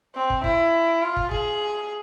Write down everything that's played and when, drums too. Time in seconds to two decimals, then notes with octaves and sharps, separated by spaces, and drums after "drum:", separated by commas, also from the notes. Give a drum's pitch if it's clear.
0.15 C4
0.30 drum: kick
0.44 E4, drum: kick
1.03 F4
1.17 drum: kick
1.31 G#4, drum: kick